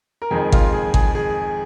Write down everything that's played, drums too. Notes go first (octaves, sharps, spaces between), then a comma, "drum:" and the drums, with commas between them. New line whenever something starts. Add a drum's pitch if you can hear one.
A#4
F2 D#3 G#3 G#4
F4, drum: kick G#1
G#4
G#4, drum: kick G#1
G#4